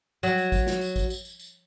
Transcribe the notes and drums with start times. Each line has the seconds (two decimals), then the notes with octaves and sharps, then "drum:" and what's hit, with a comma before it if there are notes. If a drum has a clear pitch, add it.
0.23 F#3, drum: tambourine
0.38 drum: tambourine
0.52 drum: kick A1, tambourine
0.67 drum: snare
0.81 drum: tambourine
0.96 drum: kick A1, tambourine
1.10 drum: tambourine
1.25 drum: tambourine
1.39 drum: tambourine